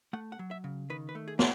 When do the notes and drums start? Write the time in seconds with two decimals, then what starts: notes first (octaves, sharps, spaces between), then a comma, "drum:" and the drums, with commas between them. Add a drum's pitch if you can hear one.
0.13 A3 F#5
0.32 F#5
0.39 F#3
0.51 E5
0.64 C#3
0.90 D#3 B4
1.09 B4
1.15 A3
1.28 G#4
1.39 G#4, drum: snare